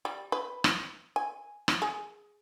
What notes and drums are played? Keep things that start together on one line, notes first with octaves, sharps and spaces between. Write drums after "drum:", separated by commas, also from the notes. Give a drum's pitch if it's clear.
G3
B4
drum: rim click
G#5
drum: rim click
G#4